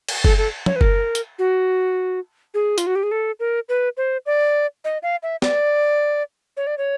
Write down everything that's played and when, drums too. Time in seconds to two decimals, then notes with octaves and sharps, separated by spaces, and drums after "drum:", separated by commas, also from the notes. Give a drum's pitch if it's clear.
0.09 drum: cymbal
0.24 A4, drum: kick F#1
0.38 A4
0.66 C#5, drum: tom
0.76 B4
0.81 A#4, drum: kick F#1
1.15 drum: hi-hat
1.39 F#4
2.54 G#4
2.78 F4, drum: hi-hat
2.87 F#4
2.95 G4
3.03 G#4
3.11 A4
3.40 A#4
3.69 B4
3.97 C5
4.26 D5
4.85 D#5
5.03 F5
5.23 E5
5.42 D5, drum: snare
6.57 C#5
6.67 D5
6.78 C#5